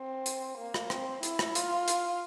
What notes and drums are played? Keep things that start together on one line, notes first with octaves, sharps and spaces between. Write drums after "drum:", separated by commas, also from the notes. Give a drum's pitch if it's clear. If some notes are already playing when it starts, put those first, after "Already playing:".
Already playing: C4
drum: hi-hat
A#3
drum: rim click
C4, drum: rim click
E4, drum: hi-hat
drum: rim click
F4, drum: hi-hat
drum: hi-hat